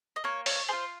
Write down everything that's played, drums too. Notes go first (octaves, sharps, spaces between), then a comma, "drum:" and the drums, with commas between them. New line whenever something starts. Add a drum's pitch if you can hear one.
D#5
A#3 C#5
C#5, drum: open hi-hat
F4 G#4 C5